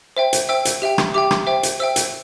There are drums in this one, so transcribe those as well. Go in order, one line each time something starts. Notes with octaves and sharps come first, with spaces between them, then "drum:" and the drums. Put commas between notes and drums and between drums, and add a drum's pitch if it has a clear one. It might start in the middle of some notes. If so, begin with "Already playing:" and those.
C5 E5 G5
drum: hi-hat
C5 E5 G5 E6
drum: hi-hat
G4 E5 G5
drum: rim click
G4 E5 G5 D6
drum: rim click
C5 E5 G5
drum: hi-hat
C5 E5 G5 E6
drum: hi-hat